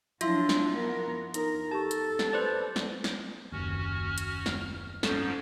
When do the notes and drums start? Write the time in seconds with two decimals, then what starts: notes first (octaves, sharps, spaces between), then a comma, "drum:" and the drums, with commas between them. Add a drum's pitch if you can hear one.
0.21 F3 F#3 D4 E4 F4 E5 C6, drum: hi-hat
0.49 drum: snare
0.73 B3 A#4
1.34 D#4 A#4 A#5, drum: hi-hat
1.71 G4 A4 A5 C#6
1.91 drum: hi-hat
2.19 drum: snare
2.33 B4 C5 D5
2.76 drum: snare
3.04 drum: snare
3.52 F#1 D#2 C#4 F#4 F6
4.18 drum: hi-hat
4.46 drum: snare
5.03 G#2 F3 C#4 A4, drum: snare